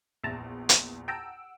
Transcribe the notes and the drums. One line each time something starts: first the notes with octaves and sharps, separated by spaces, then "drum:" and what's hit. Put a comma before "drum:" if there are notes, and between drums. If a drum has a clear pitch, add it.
A#1 E2 E5 A5 A#5
drum: hi-hat
F#5 G5 A5 A#5 E6 D7